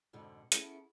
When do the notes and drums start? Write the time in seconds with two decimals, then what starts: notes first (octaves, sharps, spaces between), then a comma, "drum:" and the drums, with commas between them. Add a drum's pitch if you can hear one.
0.13 F2 G#2 B2 D3
0.52 B3 C#4 E4 G#4 A4, drum: hi-hat